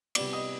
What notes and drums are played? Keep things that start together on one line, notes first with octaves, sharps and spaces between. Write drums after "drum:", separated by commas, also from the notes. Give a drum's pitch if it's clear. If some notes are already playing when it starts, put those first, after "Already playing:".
C3 G3 B3 D5 D6, drum: cymbal
D#5 D#6